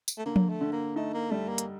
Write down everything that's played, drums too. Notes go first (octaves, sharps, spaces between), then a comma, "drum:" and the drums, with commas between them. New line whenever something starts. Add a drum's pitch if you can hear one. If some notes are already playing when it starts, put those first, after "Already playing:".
drum: tambourine
A3
D3 A#3
drum: tom F3
A3
D3
A#3
A3 D#4
A#3
G3 A3
A#3
drum: hi-hat